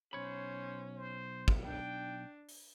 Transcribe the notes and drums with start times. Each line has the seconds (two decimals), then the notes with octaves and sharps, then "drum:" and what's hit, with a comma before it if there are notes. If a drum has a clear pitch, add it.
0.13 B1 C#4 C5 C#5 B5
0.95 C5
1.48 drum: kick
1.64 D4 G5
2.49 drum: open hi-hat